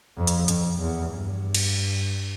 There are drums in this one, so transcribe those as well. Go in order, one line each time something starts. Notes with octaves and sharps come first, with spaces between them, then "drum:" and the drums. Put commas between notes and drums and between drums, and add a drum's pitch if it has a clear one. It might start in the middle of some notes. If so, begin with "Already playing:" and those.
F2
drum: hi-hat
F2, drum: hi-hat
E2
G2
drum: cymbal